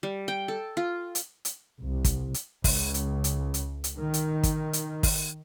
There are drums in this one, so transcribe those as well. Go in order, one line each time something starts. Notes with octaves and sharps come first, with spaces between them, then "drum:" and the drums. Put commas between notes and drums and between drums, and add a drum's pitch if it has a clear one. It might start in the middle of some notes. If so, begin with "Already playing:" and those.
G3
G5
A4
F4
drum: hi-hat
drum: hi-hat
C2
drum: kick, hi-hat
drum: hi-hat
C#2, drum: kick, open hi-hat
drum: hi-hat
drum: hi-hat
drum: hi-hat
drum: hi-hat
D#3
drum: hi-hat
drum: kick, hi-hat
drum: hi-hat
drum: kick, open hi-hat